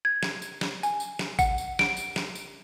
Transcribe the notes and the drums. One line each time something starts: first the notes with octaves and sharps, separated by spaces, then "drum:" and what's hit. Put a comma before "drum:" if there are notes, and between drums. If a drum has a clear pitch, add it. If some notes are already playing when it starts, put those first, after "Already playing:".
G#6
drum: snare
drum: tambourine
drum: snare
G#5, drum: tambourine
drum: tambourine
drum: snare
F#5, drum: kick, tambourine
drum: tambourine
D7, drum: snare
drum: tambourine
drum: snare
drum: tambourine